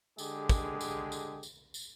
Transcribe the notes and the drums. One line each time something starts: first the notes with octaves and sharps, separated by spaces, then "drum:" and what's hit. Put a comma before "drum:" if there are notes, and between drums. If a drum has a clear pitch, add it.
D3 G#3 G4 G#4, drum: tambourine
drum: kick, tambourine
drum: tambourine
drum: tambourine
drum: tambourine
drum: tambourine